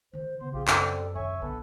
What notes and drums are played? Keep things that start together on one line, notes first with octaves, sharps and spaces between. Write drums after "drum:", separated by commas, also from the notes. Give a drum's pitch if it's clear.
D#3 E3 C5
C#3 B3 C5
A#1 F4 G4 G#4
F#2 B2 G3 C4 A4, drum: clap
D#2 C3 C#5 E5 G#5 C#6
A#1 D3 B3 A4 B4